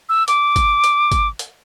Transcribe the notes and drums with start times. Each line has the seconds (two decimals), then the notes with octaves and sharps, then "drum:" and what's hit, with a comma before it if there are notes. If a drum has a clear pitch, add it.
0.09 E6
0.28 D6, drum: hi-hat
0.56 drum: kick G#1, hi-hat
0.84 drum: hi-hat
1.12 drum: kick G#1, hi-hat
1.39 drum: hi-hat